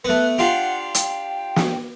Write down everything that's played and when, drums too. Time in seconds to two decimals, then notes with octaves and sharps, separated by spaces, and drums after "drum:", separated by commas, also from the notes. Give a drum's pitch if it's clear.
0.05 A3 B3 B4
0.38 D4 F4 G4 F#5
0.94 G5, drum: hi-hat
1.56 drum: snare